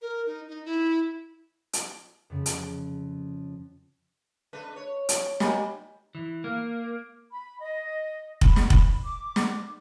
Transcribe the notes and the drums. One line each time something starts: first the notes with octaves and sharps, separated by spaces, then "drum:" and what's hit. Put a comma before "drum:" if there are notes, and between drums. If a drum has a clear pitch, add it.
A#4
D#4
D#4
E4
drum: hi-hat
F2 C#3
drum: hi-hat
G#3 D4 B4
C#5
drum: hi-hat
F3 A#3 G4 D#5 G#5 B5, drum: snare
E3
A#3
B5
D#5
B5, drum: kick
drum: snare
drum: kick
D6
drum: snare